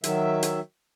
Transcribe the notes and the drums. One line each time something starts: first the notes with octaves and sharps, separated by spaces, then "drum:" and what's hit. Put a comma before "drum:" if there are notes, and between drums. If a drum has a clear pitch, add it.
D#3 F#3 E5, drum: hi-hat
drum: hi-hat